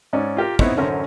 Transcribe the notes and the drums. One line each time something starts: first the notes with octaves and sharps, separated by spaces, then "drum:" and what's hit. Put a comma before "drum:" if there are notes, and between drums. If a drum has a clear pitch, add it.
G#2 C#4 D5
F4 G4 A#4
B3 C4 D#4 E4 C5 C#5, drum: kick
A1 F#2 D3 C#4 A#4 C5